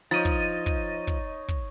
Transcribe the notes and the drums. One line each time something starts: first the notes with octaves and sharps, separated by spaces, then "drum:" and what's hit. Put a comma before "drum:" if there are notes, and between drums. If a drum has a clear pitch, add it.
F3 D#4 C#5 D#5 A6 D#7
drum: kick
drum: kick
drum: kick
drum: kick